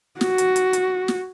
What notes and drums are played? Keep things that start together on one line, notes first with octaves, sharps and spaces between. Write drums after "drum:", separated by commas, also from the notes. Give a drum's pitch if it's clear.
F#4, drum: snare
drum: hi-hat
drum: hi-hat
drum: hi-hat
drum: snare